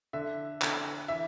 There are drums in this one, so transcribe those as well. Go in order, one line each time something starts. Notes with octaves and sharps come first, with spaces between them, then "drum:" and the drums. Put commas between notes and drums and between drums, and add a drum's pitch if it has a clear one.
D3 E5
D3, drum: clap
E3 E5